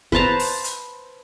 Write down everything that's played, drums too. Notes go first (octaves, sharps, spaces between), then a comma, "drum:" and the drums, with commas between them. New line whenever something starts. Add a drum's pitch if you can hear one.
B4 C5 A5 A#5, drum: kick
drum: open hi-hat
drum: hi-hat